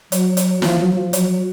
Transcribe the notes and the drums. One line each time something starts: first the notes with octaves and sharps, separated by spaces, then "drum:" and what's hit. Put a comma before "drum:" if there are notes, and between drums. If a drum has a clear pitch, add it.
F#3, drum: hi-hat
drum: hi-hat
F3, drum: snare
F#3
F3
F#3, drum: hi-hat